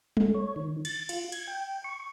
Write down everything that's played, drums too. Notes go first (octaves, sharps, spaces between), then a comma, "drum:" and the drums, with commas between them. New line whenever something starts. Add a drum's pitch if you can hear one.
A3, drum: tom G3
C#5
D#3
A6, drum: cymbal
F4, drum: cymbal
G#6, drum: cymbal
G5
C#6